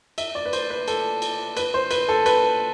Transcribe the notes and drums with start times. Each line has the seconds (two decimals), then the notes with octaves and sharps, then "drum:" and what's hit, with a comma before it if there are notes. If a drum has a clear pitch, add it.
0.18 E5, drum: cymbal
0.35 D5
0.46 B4
0.53 C5, drum: cymbal
0.70 B4
0.88 A4, drum: cymbal
1.22 drum: cymbal
1.57 B4, drum: cymbal
1.74 C5
1.91 B4, drum: cymbal
2.09 A4
2.26 B4, drum: cymbal